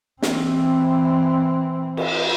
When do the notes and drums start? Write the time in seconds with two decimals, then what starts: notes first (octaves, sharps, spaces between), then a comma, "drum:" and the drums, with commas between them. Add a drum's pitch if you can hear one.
0.22 E3 C4, drum: snare
1.97 drum: cymbal